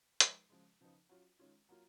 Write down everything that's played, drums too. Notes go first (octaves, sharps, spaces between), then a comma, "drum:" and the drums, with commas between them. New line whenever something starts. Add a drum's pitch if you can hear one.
F3 G#3 D#4, drum: hi-hat
C#3 F3 G#3
C#3 F3 B3 D#4
F#3 C#4 F4
D#3 G#3 C#4 F4
F#3 A#3 F4